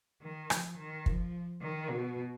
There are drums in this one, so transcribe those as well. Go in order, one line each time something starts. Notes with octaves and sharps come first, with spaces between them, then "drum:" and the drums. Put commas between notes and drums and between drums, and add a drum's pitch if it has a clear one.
D#3
F3, drum: rim click
D#3
F3, drum: kick
D#3
B2